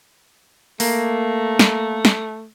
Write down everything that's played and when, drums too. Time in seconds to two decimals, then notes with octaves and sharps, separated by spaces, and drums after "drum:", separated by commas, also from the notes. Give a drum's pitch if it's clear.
0.80 A3 A#3, drum: open hi-hat
1.59 drum: snare
2.05 drum: snare